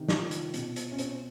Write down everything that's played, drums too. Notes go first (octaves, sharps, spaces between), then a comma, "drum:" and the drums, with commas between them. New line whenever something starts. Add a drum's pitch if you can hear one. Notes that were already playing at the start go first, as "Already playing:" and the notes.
Already playing: C3 D#3
F4, drum: snare
drum: hi-hat
B2, drum: hi-hat
drum: hi-hat
C#4
C4, drum: hi-hat